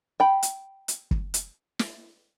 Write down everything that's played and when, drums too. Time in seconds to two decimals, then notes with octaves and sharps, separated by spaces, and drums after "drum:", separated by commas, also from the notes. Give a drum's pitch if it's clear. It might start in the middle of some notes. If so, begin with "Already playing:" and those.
0.20 G5 B5
0.43 drum: hi-hat
0.88 drum: hi-hat
1.11 drum: kick
1.34 drum: hi-hat
1.79 drum: snare